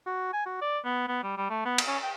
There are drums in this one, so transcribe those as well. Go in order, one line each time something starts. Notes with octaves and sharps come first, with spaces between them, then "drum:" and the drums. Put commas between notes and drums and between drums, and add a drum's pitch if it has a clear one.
F#4
G#5
F#4
D5
B3
B3
G3
G3
A3
B3
drum: cymbal
C#4
G5